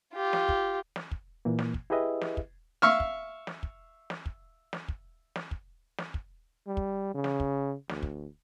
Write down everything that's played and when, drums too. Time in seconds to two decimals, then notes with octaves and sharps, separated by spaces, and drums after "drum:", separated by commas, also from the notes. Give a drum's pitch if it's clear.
0.14 F4 G4
0.33 drum: snare
0.49 drum: kick
0.96 drum: snare
1.11 drum: kick
1.45 A#2 E3 A#3
1.59 drum: snare
1.74 drum: kick
1.90 E4 G4 G#4 B4 D#5 E5
2.21 drum: snare
2.37 drum: kick
2.82 E5 F5 C#6 E6 F6, drum: snare
3.00 drum: kick
3.47 drum: snare
3.63 drum: kick
4.10 drum: snare
4.26 drum: kick
4.73 drum: snare
4.88 drum: kick
5.36 drum: snare
5.51 drum: kick
5.98 drum: snare
6.14 drum: kick
6.67 G3
6.77 drum: kick
7.14 C#3
7.24 drum: snare
7.40 drum: kick
7.89 D2, drum: snare
8.03 drum: kick